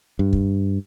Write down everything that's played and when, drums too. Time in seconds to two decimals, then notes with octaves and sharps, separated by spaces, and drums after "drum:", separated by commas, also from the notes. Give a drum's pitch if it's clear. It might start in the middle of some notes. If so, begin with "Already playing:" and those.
0.19 G2
0.33 drum: kick